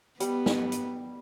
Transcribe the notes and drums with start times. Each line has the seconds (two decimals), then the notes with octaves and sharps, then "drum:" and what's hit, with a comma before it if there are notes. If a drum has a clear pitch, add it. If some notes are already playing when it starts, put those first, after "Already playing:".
0.20 G3 B3, drum: hi-hat
0.46 drum: snare
0.72 drum: hi-hat